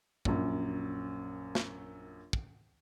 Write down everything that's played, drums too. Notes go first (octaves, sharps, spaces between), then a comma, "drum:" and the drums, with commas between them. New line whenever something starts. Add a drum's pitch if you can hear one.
A#1 F#2, drum: kick
drum: snare
drum: kick